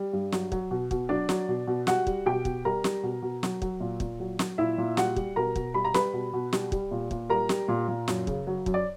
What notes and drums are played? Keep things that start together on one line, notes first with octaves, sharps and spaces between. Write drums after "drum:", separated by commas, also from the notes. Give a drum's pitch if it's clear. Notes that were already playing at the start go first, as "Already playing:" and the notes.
Already playing: G3
G2
F#3, drum: snare
F#3, drum: kick
B2
B2, drum: kick
F#3 D4 D5
F#3, drum: snare
B2
B2
G3 F#4 F#5, drum: snare
G3, drum: kick
B2 G4 G5
B2, drum: kick
G3 A#4 A#5
G3, drum: snare
B2
B2
F#3, drum: snare
F#3, drum: kick
A#2
A#2, drum: kick
F#3
F#3, drum: snare
A#2 E4 E5
A#2
G3 F#4 F#5, drum: snare
G3, drum: kick
B2 A#4 A#5
B2, drum: kick
G3 B5
A#5
G3 B4 B5, drum: snare
B2
B2
G3, drum: snare
G3, drum: kick
A#2
A#2, drum: kick
G3 A#4 A#5
G3, drum: snare
A#2
A#2
F#2, drum: snare
C#3, drum: kick
F#3
F#2, drum: kick
D5